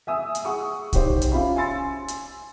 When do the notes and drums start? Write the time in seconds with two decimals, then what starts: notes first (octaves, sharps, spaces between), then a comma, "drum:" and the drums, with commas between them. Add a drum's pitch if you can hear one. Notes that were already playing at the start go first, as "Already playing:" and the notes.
0.07 E5 G#5 D#6 E6
0.35 drum: hi-hat
0.45 G#4 F#5 C#6 D#6
0.93 D#4 G4 C5, drum: kick, hi-hat
1.22 drum: hi-hat
1.32 C#4 F4 E5 B5
1.56 G#5 C6 E6 A6 C#7
2.08 drum: hi-hat